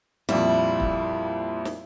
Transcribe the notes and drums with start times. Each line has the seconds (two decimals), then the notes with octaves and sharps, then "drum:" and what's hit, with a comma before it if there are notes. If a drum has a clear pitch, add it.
0.29 F2 A#2 G3 E4, drum: snare
0.80 drum: kick
1.65 drum: snare